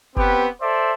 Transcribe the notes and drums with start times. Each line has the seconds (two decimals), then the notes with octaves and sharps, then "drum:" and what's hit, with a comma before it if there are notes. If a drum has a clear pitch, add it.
0.16 B3 C4 G4 B4, drum: kick
0.61 A4 C5 D5 E5